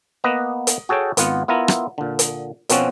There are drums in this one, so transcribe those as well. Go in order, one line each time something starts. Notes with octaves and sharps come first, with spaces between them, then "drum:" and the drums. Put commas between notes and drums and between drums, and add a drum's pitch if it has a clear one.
A#3 B3 B4 D#5
drum: hi-hat
F#4 G#4 A4 C#5 G5
G#1 B3 F4 F#5, drum: hi-hat
B3 E4 F4 A#4
drum: rim click
A#2 D3
drum: hi-hat
B2 F3 C4 C#4 F#4, drum: hi-hat